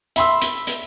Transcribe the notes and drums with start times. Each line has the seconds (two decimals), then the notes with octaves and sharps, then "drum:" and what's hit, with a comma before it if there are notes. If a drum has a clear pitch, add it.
0.16 E5 B5 C6 E6, drum: hi-hat
0.42 drum: hi-hat
0.67 drum: hi-hat